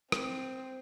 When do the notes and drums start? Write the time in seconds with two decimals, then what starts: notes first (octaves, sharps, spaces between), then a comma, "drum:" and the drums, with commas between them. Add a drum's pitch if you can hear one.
0.12 C4, drum: rim click